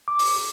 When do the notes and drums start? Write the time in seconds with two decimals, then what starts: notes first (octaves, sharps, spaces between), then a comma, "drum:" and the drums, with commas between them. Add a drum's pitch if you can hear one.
0.08 D6
0.19 drum: open hi-hat